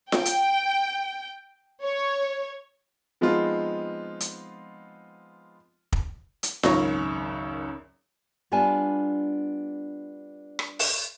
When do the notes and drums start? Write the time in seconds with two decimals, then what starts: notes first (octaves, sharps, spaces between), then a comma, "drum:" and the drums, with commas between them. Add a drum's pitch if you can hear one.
0.12 G5, drum: snare F4
0.25 drum: hi-hat
1.83 C#5
3.21 F3 G#3 B3 C4 D#4 F4
4.20 drum: hi-hat
5.92 drum: kick
6.43 drum: hi-hat
6.63 G#1 C#2 F#2 D#3 C#5 A#6, drum: snare F4
8.52 G3 B3 D4 F4 G#5 A5
10.59 drum: rim click
10.79 drum: open hi-hat